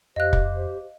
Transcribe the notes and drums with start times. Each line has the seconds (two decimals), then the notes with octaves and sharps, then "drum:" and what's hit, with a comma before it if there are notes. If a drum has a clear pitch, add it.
0.16 F2 G4 C5 D#5 F5 F#6
0.33 drum: kick